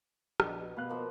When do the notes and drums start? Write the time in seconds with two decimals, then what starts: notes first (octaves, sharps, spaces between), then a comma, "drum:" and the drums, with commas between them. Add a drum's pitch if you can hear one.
0.40 A#1 B2 D6, drum: rim click
0.77 B2 B4 F5 F#6
0.89 F3 A#3